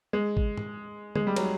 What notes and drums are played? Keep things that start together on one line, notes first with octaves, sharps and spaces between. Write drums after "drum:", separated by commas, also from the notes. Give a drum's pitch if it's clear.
G#3
drum: kick
drum: tom G#2
G#3, drum: tom
G3
F#3, drum: cymbal